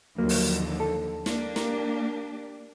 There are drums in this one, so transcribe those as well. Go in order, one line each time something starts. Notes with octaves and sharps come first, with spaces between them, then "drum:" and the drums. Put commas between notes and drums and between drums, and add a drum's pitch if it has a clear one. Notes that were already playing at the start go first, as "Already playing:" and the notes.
D#2 D3 F3 F#3 A#3
drum: open hi-hat
A4
A#3 D4 G4, drum: snare
A#4, drum: snare